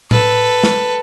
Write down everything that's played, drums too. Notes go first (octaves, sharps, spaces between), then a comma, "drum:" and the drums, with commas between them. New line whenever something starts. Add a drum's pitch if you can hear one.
A4 B4, drum: tom A2
drum: snare